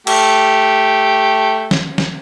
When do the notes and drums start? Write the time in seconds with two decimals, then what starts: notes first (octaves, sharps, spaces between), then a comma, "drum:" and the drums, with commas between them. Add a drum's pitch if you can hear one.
0.07 A3 G4, drum: cymbal
1.71 drum: snare
1.98 drum: snare